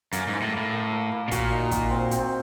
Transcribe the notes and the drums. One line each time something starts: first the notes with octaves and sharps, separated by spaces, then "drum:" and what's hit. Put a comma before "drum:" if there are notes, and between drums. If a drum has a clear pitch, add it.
F#2 A#3, drum: hi-hat
G#2
E4
A2
A2 A#3
A#3
A#3
A#3
B2
A#2 F#4, drum: kick, hi-hat
D#4
F#4, drum: kick, hi-hat
C4
C4, drum: hi-hat